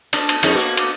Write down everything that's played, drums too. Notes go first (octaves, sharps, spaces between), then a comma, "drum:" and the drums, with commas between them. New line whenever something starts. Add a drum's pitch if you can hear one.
D4, drum: cymbal
drum: cymbal
F2 D#4 G#4, drum: cymbal
A#3 B3 F#4
drum: cymbal